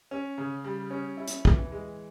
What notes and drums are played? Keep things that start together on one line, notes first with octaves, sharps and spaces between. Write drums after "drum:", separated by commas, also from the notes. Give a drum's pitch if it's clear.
C#4
C#3
G3
C#4
E4
drum: hi-hat
E3, drum: kick
G#3